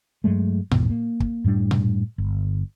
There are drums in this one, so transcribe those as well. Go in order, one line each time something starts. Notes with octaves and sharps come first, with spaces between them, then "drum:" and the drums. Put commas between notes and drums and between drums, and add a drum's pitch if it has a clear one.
G2 F#3 G#3 A3
A1 E2 G#2 B3, drum: tom A#2
A#3
drum: kick
F#2 A2 G3 D4
drum: tom A#2
G1